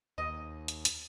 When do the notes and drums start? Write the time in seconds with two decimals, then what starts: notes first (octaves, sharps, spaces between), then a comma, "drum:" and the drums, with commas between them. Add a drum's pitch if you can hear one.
0.18 D#2 D#5
0.68 drum: hi-hat
0.85 drum: hi-hat